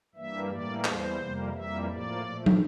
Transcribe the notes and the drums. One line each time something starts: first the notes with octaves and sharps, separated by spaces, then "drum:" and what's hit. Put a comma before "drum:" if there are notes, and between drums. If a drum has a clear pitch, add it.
G2 E3 G3 A#3 E5
A2 E3 G3 A#3 D5
E2 E3 G3 C5, drum: clap
F2 C3 G3 A#3
F2 E3 G3 A#3 E5
A2 F3 A#3 D5
A#2 F3 A3
drum: tom